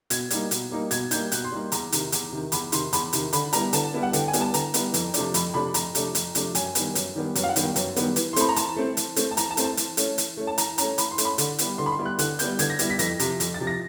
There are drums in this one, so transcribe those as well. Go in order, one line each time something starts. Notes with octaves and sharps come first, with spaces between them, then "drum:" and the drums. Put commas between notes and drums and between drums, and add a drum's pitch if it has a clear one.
B2 G#6, drum: hi-hat
G3 A#3 D#4, drum: hi-hat
B2, drum: hi-hat
G3 A#3 D#4
B2 G#6, drum: hi-hat
G3 A#3 D#4 G6, drum: hi-hat
B2 F#6, drum: hi-hat
C6
G3 A#3 D#4
E2 A#5, drum: hi-hat
C3 D#3, drum: hi-hat
E2, drum: hi-hat
C3 D#3
E2 B5, drum: hi-hat
C3 D#3 C6, drum: hi-hat
E2 B5, drum: hi-hat
C3 D#3, drum: hi-hat
D3 B5, drum: hi-hat
G3 B3 E4 A#5, drum: hi-hat
D3 A5, drum: hi-hat
G3 B3 E4
F#5
D3 G5, drum: hi-hat
G#5
G3 B3 E4, drum: hi-hat
A5
D3 A#5, drum: hi-hat
G3 B3 E4, drum: hi-hat
F2, drum: hi-hat
C3 F3 A3 D4, drum: hi-hat
F2 B5, drum: hi-hat
C3 F3 A3 D4 B5
F2 A#5, drum: hi-hat
C3 F3 A3 D4, drum: hi-hat
F2, drum: hi-hat
C3 F3 A3 D4, drum: hi-hat
F#2 G#5, drum: hi-hat
D#3 G3 B3, drum: hi-hat
F#2, drum: hi-hat
D#3 G3 B3
F#2, drum: hi-hat
F5
F#5
D#3 G3 B3, drum: hi-hat
G5
F#2, drum: hi-hat
D#3 G3 B3, drum: hi-hat
E3, drum: hi-hat
C6
A3 C4 B5, drum: hi-hat
A#5
E3 A5, drum: hi-hat
A3 C4
E3, drum: hi-hat
A3 C4, drum: hi-hat
A5
E3 A#5, drum: hi-hat
A5
A3 C4, drum: hi-hat
A5
E3, drum: hi-hat
A3 C#4, drum: hi-hat
E3, drum: hi-hat
A3 C#4
A5
E3 A#5, drum: hi-hat
A3 C#4 A#5, drum: hi-hat
E3 B5, drum: hi-hat
C6
A3 C#4, drum: hi-hat
B5
D3, drum: hi-hat
G3 B3 E4, drum: hi-hat
D3 C6
B5
C6
G3 B3 E4
F#6
D3 F#6, drum: hi-hat
G3 B3 E4 G6, drum: hi-hat
D3 G#6, drum: hi-hat
A#6
G3 B3 E4, drum: hi-hat
B6
F2 A#6, drum: hi-hat
C3 F3, drum: hi-hat
F2, drum: hi-hat
A6
C3 F3
A#6